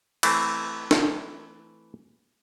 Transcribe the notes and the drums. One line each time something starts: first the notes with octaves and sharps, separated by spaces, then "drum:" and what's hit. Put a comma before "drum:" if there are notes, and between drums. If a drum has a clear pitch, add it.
E3 A3 C4, drum: cymbal
drum: snare